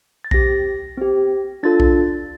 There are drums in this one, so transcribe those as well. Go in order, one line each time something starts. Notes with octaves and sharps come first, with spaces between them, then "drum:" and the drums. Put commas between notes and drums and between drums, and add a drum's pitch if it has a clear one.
A6
C4 G4 A#6, drum: kick B1
C4 G4
D4 F4 A4 A6
drum: kick B1